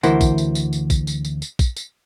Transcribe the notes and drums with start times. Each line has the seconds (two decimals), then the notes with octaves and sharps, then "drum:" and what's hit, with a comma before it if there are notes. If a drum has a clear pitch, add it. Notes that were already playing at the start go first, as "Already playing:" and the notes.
0.03 D2 E3 E4 A#4 C5 F#5, drum: tambourine
0.21 drum: kick, tambourine
0.38 drum: tambourine
0.55 drum: tambourine
0.73 drum: tambourine
0.90 drum: kick, tambourine
1.07 drum: tambourine
1.25 drum: tambourine
1.42 drum: tambourine
1.59 drum: kick, tambourine
1.77 drum: tambourine